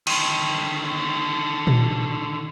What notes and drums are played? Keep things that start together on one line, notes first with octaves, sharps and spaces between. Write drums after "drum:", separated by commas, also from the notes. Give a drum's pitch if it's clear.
D3 D#3, drum: cymbal
drum: tom A#2